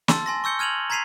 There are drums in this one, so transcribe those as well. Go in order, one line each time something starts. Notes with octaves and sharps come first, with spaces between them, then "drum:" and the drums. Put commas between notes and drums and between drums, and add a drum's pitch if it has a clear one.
A5 C6 E6 A6, drum: snare
G#5 C6 A#6
C#6 E6 G6 C#7 G7
F6 G#6 D#7 F7 F#7
A#5 G#6 B6 C7 D#7 F7